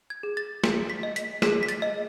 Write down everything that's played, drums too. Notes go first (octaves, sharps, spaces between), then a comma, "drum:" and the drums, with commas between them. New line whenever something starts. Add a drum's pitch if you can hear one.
G#6
G#4
A6
G#4 B6, drum: snare
B6
D#5
B6, drum: hi-hat
G#4 B6, drum: snare
B6
A6, drum: hi-hat
D#5